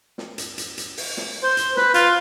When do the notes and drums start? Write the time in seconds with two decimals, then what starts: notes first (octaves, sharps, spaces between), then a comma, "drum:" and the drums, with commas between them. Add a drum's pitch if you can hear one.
0.18 drum: snare
0.38 drum: hi-hat
0.58 drum: hi-hat
0.78 drum: hi-hat
0.97 drum: open hi-hat
1.17 drum: snare
1.43 C5
1.57 drum: hi-hat
1.77 B4, drum: snare
1.94 F4, drum: hi-hat